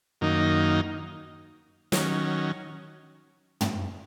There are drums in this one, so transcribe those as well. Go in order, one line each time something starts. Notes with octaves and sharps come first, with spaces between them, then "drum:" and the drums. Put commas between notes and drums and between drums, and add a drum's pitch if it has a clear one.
F#2 D#3 A#3 D#4
D#3 F#3 C#4, drum: snare
drum: tom